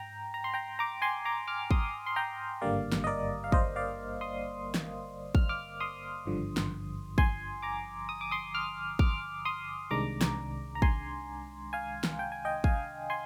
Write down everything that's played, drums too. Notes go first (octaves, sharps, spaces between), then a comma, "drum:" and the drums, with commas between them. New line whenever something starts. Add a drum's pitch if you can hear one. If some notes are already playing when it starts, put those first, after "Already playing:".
Already playing: G#2 G5 A#5
A#5
C6
G5 A#5
A#5 D6
G#5 C6
A#5 D6
D6 F6
C6 D#6, drum: kick
C6
G5 A#5
G#1 G2 D3 G3 A#3 D5 F5
drum: snare
D#5
A#4 D5
F5
C5 D#5, drum: kick
D5 F5
C6 D#6
drum: snare
F6, drum: kick
D6 F6
C6 D#6
G#1 G2 D3 F3
drum: snare
G#5 C6, drum: kick
A#5 D6
D#6
D6
C6 D#6
D6 F6
D6 F6, drum: kick
C6 D#6
C2 C3 D#3 G#3 D4 A#5 D6
drum: snare
A#5
G#5 C6, drum: kick
F5 G#5
drum: snare
G5
G#5
D#5 G5
F5 G#5, drum: kick
G#5 C6